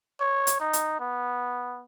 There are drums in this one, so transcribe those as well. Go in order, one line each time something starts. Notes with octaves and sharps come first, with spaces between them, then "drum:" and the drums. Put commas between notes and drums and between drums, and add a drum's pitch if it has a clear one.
C#5
drum: hi-hat
D#4
drum: hi-hat
B3